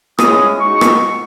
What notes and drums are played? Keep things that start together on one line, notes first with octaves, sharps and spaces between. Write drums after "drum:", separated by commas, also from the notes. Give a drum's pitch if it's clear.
G#3 C#4 E4 D#6, drum: rim click
G#3 D#4 F#4 C#6
drum: rim click